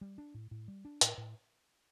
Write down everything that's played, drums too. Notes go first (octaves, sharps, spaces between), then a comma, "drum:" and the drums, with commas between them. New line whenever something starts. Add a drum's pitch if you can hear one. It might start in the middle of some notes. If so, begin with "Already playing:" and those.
G3
D4
A2
A2
G3
D4
A2, drum: hi-hat
A2